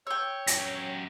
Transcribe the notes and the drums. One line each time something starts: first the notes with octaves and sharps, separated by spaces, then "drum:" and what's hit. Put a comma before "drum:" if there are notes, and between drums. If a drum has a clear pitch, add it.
C#5 G5 E6
F#2 G4 A#6, drum: hi-hat